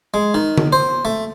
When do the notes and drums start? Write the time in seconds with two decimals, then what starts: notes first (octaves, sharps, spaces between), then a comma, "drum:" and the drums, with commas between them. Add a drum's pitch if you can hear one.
0.14 G#3
0.34 D#3
0.58 drum: tom D3
0.73 C5
1.05 A3